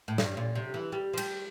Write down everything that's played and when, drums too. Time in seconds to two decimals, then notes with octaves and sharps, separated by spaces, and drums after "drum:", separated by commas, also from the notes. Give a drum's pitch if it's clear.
0.08 A2
0.18 G2, drum: snare
0.37 A#2
0.55 C3
0.74 E3
0.92 G3
1.13 F3
1.18 G3, drum: cymbal